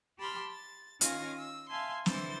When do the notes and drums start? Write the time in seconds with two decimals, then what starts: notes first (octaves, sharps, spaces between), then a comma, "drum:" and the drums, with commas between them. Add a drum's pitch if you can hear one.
0.18 G4 A5 B5 C6 D6 F6
0.49 A6
1.01 D#3 C#4 F4 F5 G#5 A#6, drum: hi-hat
1.40 E6
1.69 E5 F5 G#5 A5 C6
2.06 D3 E3 E4 C5 C6 A6, drum: snare